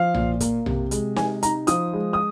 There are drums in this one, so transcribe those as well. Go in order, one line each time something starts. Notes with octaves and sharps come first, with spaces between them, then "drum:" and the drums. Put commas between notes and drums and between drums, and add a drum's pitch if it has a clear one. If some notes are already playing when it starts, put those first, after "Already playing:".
Already playing: F3 F5
A#2, drum: tom B1
A#3, drum: kick, hi-hat
C3, drum: tom B1
G#3, drum: hi-hat
C3 G#5, drum: snare
D#4 A#5, drum: hi-hat
F3 D#6, drum: hi-hat
G#3
D#6